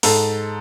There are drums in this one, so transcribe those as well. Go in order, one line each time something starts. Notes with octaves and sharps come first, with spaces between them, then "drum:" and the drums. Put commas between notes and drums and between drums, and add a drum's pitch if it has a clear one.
G#2 A4, drum: open hi-hat